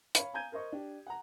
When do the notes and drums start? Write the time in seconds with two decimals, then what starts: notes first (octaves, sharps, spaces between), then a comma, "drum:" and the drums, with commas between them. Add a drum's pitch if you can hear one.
0.15 C#5 F5 B5, drum: hi-hat
0.34 F5 G#5 A#5 G6 G#6 D#7
0.52 A#4 C5 D#5 C#6
0.72 D4 G4
1.07 F#5 A#5